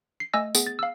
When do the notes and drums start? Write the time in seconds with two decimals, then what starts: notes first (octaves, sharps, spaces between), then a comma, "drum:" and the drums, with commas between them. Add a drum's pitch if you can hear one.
0.20 C7
0.33 A3 D#5 G#5 E6 A#6
0.55 B3 G#4, drum: tambourine
0.67 A6
0.79 F5 E6